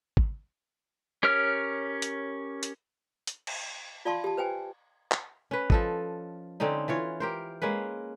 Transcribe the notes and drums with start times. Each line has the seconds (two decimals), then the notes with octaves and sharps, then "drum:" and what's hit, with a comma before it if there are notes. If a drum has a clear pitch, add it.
0.17 drum: kick G#1
1.23 C#4 G4 A#4 C#5 F6
2.02 drum: hi-hat
2.63 drum: hi-hat
3.27 drum: hi-hat
3.47 drum: cymbal
4.05 F4 D5 F5 A5 C6 C#6
4.24 G4 A5
4.37 B4 C5 G5 G#5
5.12 drum: clap
5.51 C#4 B4
5.70 F3 A4 D#5, drum: kick G#1
6.60 D3 C4 C#4 D#4
6.88 E3 F4 C#5
7.20 G4 A#4 C5
7.62 G#3 A#3 C#4 B4